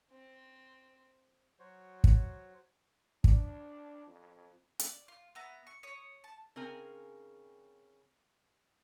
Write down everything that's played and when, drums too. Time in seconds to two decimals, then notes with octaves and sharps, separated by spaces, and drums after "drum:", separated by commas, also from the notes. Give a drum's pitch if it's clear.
0.11 C4
1.59 F#3 F#4 C5 C#5
2.04 drum: kick
3.24 D4, drum: kick
4.07 F2
4.79 D5, drum: hi-hat
5.08 F4
5.35 B3 E5 A#5
5.67 C#6
5.83 C#5 D#6
6.24 A5
6.56 C#3 C4 D#4 A#4 G#5